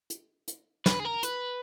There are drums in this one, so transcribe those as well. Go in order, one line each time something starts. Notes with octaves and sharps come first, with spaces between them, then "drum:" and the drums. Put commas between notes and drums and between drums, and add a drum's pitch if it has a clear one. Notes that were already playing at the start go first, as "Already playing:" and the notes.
drum: hi-hat
drum: hi-hat
B4, drum: snare
G#4
A#4
B4, drum: hi-hat